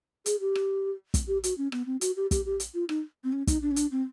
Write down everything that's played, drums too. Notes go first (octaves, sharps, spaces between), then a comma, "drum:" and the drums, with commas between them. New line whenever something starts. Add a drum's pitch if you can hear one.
G#4, drum: hi-hat
G4
drum: rim click
drum: kick, hi-hat
G4
F#4, drum: hi-hat
C#4
B3, drum: rim click
C4
F#4, drum: hi-hat
G4
G4, drum: kick, hi-hat
G4
drum: hi-hat
F4
D#4, drum: rim click
C4
C#4
D#4, drum: kick, hi-hat
D4
C#4
D4, drum: hi-hat
C4